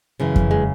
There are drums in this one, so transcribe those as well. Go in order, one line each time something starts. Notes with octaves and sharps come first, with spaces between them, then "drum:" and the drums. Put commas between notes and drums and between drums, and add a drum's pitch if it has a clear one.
F#2 C#3 E3
drum: kick F2
G#3